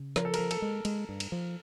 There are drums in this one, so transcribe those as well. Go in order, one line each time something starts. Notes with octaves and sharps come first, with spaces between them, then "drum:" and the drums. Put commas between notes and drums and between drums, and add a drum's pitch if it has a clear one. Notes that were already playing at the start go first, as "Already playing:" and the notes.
Already playing: C#3
F3 A#4, drum: snare
A4
F3 A#4, drum: cymbal
A4, drum: cymbal
G#3
G#3, drum: cymbal
G2
drum: cymbal
F3